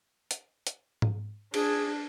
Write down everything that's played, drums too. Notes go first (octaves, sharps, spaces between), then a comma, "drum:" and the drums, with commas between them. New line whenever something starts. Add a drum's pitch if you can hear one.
drum: hi-hat
drum: hi-hat
drum: tom G#2
D4 G#4, drum: cymbal